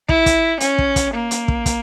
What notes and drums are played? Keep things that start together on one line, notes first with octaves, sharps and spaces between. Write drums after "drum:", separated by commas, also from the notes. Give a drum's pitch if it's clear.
E4, drum: kick
drum: kick, hi-hat
C#4, drum: hi-hat
drum: kick
drum: kick, hi-hat
A#3
drum: hi-hat
drum: kick
drum: kick, hi-hat